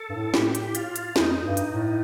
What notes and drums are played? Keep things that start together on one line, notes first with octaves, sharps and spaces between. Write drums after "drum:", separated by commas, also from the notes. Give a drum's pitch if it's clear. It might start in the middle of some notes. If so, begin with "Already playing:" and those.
Already playing: A4
G2
A2
A2 G4, drum: snare
drum: hi-hat
F4, drum: hi-hat
drum: hi-hat
F2 D#4, drum: snare
G2
drum: hi-hat
A2